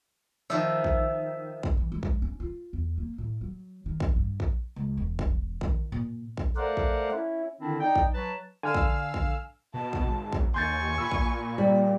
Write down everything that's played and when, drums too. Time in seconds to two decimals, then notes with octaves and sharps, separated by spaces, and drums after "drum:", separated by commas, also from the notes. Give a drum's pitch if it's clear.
0.50 D#3 F3 E5
0.84 drum: kick A#1
1.63 drum: kick A#1
1.77 E3
1.92 G#3
2.03 drum: kick A#1
2.22 C#4
2.40 F4
2.73 E2
2.98 A#3
3.18 A2
3.41 F#3
3.86 D#3
4.00 drum: kick A#1
4.16 G2
4.40 drum: kick A#1
4.76 C#2
4.97 E1
5.19 drum: kick A#1
5.61 D#3 E4, drum: kick A#1
5.92 A#2
6.37 drum: kick A#1
6.56 A3 A#4 C5 D5 F5 F#5
6.77 drum: kick A#1
7.11 C#4 E4
7.60 D3 D#3 C4 D4 E4
7.80 D#4 D5 G5
7.95 drum: kick A#1
8.14 F#3 B4 A5
8.63 D3 F5 G#5 E6 F6
8.74 drum: kick A#1
9.14 drum: kick A#1
9.74 B2 A5
9.93 drum: kick A#1
10.06 G#1
10.33 drum: kick A#1
10.54 D#2 G#5 C6 C#6 G6 A6
10.98 A#2 B5 E6
11.12 drum: kick A#1
11.58 G3